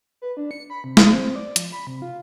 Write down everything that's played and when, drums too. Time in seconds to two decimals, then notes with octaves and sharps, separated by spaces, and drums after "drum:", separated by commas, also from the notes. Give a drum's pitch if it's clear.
0.22 B4
0.37 D4
0.51 C#7
0.70 B5
0.84 C3
0.97 D#6, drum: snare
1.12 C4
1.36 D5
1.56 F3, drum: hi-hat
1.72 B5
1.87 C3
2.02 F4